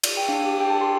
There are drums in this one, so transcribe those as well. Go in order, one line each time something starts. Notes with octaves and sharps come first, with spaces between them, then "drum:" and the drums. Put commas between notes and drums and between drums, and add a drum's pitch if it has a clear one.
drum: cymbal
G5
D4 F5
G4
D4 G5
A5
G4
C6